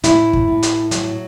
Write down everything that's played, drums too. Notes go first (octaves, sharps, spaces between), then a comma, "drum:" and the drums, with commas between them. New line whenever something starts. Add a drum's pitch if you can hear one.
A2 E4, drum: hi-hat
drum: kick
A2
drum: hi-hat
F#3, drum: hi-hat